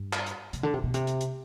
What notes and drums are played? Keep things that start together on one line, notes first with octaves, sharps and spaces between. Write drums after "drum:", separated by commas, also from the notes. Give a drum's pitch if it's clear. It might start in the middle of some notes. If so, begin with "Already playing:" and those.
Already playing: G2
drum: clap
drum: hi-hat
C3, drum: hi-hat
D3
C3
B2
C3, drum: hi-hat
drum: hi-hat
drum: hi-hat